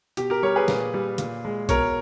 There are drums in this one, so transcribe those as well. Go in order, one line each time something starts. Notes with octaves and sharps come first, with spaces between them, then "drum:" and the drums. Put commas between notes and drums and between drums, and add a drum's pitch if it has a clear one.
B2 G4, drum: hi-hat
G4 A#4
G3 A#4 C#5
G#4 B4
A#2, drum: snare
G3
A#2, drum: hi-hat
G#3
B2 A#4 C#5, drum: kick, hi-hat